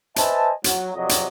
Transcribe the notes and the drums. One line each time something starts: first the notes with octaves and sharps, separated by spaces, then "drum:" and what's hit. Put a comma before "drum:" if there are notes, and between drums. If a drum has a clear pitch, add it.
B4 C5 D#5 E5 G#5 A5, drum: hi-hat
F#3, drum: hi-hat
F2 C3 F#3 D5 D#5
drum: hi-hat